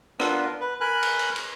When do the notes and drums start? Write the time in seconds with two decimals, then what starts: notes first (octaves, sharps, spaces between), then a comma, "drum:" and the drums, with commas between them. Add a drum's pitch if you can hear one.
0.20 B3 D4 F4 A#4, drum: rim click
0.61 B4
0.81 A#4 G#5 B5 F#6
1.03 drum: cymbal
1.19 drum: cymbal
1.36 drum: cymbal